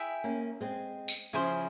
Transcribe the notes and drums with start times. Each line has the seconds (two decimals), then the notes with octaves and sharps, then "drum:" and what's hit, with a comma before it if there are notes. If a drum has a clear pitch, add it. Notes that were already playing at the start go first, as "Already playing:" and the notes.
Already playing: E4 G#4 E5 G5
0.24 A#3 C#4
0.61 G#3 C4
1.08 drum: tambourine
1.33 C#3 F3 E4 G#4 C5